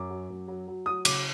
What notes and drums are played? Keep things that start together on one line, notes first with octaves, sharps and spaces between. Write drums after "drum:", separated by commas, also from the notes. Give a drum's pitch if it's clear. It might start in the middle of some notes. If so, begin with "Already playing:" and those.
Already playing: F#2 D6
F#3
F#2
F#3
F#3
F#3 D#6
C#3 D6, drum: cymbal